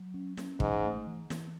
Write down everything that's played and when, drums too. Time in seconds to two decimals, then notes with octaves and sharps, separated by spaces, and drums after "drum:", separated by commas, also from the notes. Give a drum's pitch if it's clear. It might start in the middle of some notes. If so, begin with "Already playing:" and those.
Already playing: F#3
0.14 C#4
0.37 C#4, drum: snare
0.60 G#2 E3, drum: kick
0.83 A3
1.07 E3
1.30 E3, drum: snare